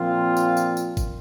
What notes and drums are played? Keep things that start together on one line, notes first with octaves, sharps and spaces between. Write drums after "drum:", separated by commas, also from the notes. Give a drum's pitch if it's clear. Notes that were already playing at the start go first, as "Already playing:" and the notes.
Already playing: A#2 F3 C4 F4
drum: tambourine
drum: tambourine
drum: tambourine
drum: kick G#1, tambourine